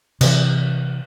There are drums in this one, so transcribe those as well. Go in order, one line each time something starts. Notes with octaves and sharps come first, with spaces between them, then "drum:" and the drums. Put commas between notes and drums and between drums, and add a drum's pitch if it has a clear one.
C3 E3, drum: cymbal